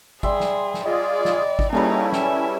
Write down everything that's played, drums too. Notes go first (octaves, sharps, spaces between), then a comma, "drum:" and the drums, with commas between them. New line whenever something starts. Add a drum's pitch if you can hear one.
G3 G#4 E5 C6, drum: kick G#1
drum: snare
drum: snare
F4 G#4 D5 D#5
drum: snare
drum: kick G#1
G3 A#3 C#4 D#4 E4 G#4 A4 B4
E5 G#5, drum: snare